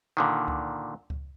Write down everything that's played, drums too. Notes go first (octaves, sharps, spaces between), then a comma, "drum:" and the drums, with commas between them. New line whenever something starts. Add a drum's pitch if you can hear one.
A#2 D3 D#3
drum: kick C#2
drum: kick C#2